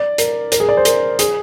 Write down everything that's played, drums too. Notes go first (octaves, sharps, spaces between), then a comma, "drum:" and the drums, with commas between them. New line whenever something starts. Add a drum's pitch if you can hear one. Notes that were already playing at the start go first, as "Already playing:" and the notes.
Already playing: D5
A#4, drum: hi-hat
A#4, drum: hi-hat
G#4
D5
C5
A#4, drum: hi-hat
G#4, drum: hi-hat